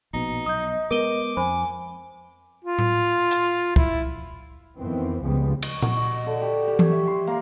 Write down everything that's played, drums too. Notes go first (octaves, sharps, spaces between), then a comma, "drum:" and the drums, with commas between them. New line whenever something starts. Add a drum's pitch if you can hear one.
A#1 B2 D#4
B1 D#5 D#6 G6
G#3 B3 A#4 D6 D#7 G7
F2 C5 G#5 B5
F4
drum: tom A2
drum: hi-hat
E4, drum: kick
F2 D#3 E3 B3 C4
C#2 C#3 F3 G3 G#3 B3
C#6, drum: cymbal
F#4, drum: tom A#2
D#5
D3
G4
G4
C#5, drum: tom E3
E5
C6
A#3